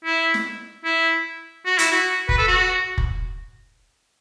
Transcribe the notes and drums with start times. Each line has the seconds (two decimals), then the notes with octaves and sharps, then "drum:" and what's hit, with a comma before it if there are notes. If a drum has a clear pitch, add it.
0.04 E4
0.34 drum: snare
0.84 E4
1.66 F#4
1.78 E4, drum: hi-hat
1.92 F#4
2.29 B4, drum: kick
2.38 A4
2.47 F#4
2.98 drum: kick